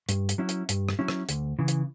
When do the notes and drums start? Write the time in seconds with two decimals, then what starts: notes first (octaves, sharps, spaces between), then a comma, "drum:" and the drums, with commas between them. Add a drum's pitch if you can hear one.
0.09 G2, drum: hi-hat
0.29 drum: hi-hat
0.38 F#3 C#4 E4
0.49 drum: hi-hat
0.69 G2, drum: hi-hat
0.89 drum: rim click
0.99 F#3 C#4 E4
1.08 drum: rim click
1.29 D2, drum: hi-hat
1.59 C#3 E3
1.68 drum: hi-hat